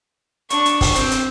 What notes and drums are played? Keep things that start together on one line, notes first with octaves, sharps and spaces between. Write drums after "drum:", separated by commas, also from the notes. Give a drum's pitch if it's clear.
D4 C#6, drum: hi-hat
drum: hi-hat
drum: kick, open hi-hat
C4, drum: hi-hat
drum: hi-hat